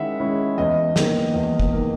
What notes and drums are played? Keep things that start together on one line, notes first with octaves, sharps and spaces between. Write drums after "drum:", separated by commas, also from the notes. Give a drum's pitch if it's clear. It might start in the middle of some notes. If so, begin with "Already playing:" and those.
Already playing: D#3 G#3 C#4 E4 E5 F#5
G#3 C#4 E4
E2 D#5
D#3 A#3, drum: snare
E2
drum: kick G1
D#3 A#3